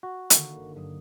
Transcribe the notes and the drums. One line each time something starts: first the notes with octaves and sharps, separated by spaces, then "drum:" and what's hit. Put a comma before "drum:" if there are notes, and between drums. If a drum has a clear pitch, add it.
F#4
D3 D#3 A#3, drum: hi-hat
G1
G2 F#3 D#6